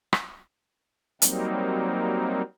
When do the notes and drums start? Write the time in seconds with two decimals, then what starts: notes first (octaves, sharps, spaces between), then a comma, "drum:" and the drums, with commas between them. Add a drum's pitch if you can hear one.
0.13 drum: rim click
1.22 F#3 G3 A#3 C4 D#4, drum: hi-hat